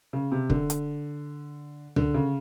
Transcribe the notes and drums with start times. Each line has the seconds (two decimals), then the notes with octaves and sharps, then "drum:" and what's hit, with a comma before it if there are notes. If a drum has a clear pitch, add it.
0.13 C#3
0.32 C3
0.50 D3, drum: kick
0.70 drum: hi-hat
1.96 D3, drum: tom C#2
2.14 C#3